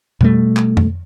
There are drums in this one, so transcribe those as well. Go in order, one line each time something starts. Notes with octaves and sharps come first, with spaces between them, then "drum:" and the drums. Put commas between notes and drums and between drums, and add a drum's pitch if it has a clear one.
B2 G3 A3, drum: tom F2
drum: clap
drum: tom F2